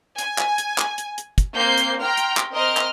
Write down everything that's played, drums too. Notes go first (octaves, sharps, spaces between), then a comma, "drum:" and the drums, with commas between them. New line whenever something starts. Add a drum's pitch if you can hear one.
G#5, drum: hi-hat
drum: clap
drum: hi-hat
drum: clap
drum: hi-hat
drum: hi-hat
drum: kick, hi-hat
A#3 C4 G6 C7
drum: hi-hat
G5 A#5 C6 F6
drum: hi-hat
drum: clap
C4 A#4 C5 D#5 F6
drum: clap